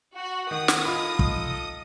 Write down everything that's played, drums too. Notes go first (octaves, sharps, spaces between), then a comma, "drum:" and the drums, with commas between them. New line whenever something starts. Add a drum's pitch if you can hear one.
F#4 F#5
D#3 D#6
drum: snare
D#4 F4 A4 D#5 B5
drum: kick